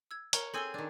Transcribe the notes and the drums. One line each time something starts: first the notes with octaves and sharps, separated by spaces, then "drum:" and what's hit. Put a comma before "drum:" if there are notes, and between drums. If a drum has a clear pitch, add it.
E6 G#6
A#4 C#5 A#5, drum: hi-hat
C4 G#4 A4 G#5 E6 G7
D#3 D4